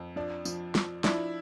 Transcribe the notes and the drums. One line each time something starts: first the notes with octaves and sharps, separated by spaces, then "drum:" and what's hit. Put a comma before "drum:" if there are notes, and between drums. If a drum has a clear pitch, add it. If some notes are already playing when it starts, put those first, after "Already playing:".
Already playing: F2
F3 D4
F3, drum: tambourine
F3, drum: snare
F3 D4 E4, drum: snare